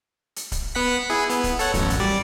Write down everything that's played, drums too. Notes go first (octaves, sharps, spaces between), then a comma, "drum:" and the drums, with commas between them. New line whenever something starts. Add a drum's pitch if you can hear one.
drum: hi-hat
drum: kick C#1, hi-hat
B3 F#5 B6
E4 G#4
B3, drum: hi-hat
drum: kick C#1, hi-hat
A4 C#5 F#5, drum: hi-hat
A1 F#2, drum: kick C#1, hi-hat
drum: hi-hat
G3 D5